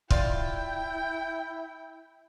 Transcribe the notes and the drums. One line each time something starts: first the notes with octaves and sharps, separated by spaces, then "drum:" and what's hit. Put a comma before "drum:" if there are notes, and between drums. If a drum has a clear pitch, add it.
E4 F4 D5 G5, drum: kick